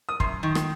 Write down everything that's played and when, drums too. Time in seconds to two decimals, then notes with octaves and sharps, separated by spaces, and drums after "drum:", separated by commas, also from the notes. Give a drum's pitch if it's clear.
0.09 D#6
0.20 F#2 C6, drum: kick
0.43 D#3
0.55 drum: rim click